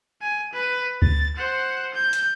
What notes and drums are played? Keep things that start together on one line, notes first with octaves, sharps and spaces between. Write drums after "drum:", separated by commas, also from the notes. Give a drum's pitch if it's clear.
G#5
B4
A6, drum: kick D2
C5 F#5
G6
drum: hi-hat